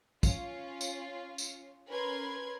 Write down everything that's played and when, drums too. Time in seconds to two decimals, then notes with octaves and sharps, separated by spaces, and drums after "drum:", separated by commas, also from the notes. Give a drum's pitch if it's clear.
0.23 C#4 F4, drum: kick, tambourine
0.81 drum: tambourine
1.38 drum: tambourine
1.88 C#4 A#4 B4 B5 C6 G#6